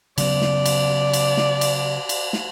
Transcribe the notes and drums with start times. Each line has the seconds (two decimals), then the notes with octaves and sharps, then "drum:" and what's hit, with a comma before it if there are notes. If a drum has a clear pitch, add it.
0.18 C#3 F#3 B3 D5, drum: cymbal
0.42 drum: snare
0.66 drum: cymbal
1.13 drum: cymbal
1.37 drum: snare
1.61 drum: cymbal
2.09 drum: cymbal
2.33 drum: snare